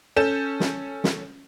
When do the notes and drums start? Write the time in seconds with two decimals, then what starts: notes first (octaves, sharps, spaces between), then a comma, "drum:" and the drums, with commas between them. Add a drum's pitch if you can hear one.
0.17 C#4 A4 G6 E7
0.60 drum: snare
1.04 drum: snare